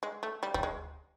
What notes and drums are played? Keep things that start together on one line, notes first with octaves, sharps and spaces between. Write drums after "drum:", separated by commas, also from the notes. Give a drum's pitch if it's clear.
G#3
A3
G3
G3, drum: kick
G#3